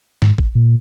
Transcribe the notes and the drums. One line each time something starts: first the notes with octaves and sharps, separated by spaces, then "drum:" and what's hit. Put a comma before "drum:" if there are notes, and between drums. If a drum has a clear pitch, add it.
G#2, drum: snare
drum: kick
A#2